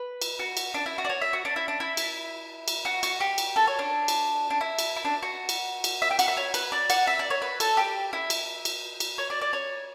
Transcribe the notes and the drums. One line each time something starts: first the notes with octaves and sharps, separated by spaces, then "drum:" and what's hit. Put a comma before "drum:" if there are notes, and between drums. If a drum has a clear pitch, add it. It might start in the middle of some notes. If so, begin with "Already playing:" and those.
Already playing: B4
drum: cymbal
F#4
drum: cymbal
D4
E4
F#4
D5
C#5
E5
F#4
D4
E4
D4
E4
drum: cymbal
drum: cymbal
F#4
F#4, drum: cymbal
G4
drum: cymbal
A4
C#5
D4
drum: cymbal
D4
E4
drum: cymbal
E4
D4
F#4
drum: cymbal
drum: cymbal
E5
G5
F#5, drum: cymbal
E5
C#5
B4, drum: cymbal
D5
F#5, drum: cymbal
E5
D5
C#5
B4
A4, drum: cymbal
G4
E4
drum: cymbal
drum: cymbal
drum: cymbal
C#5
D5
D5
C#5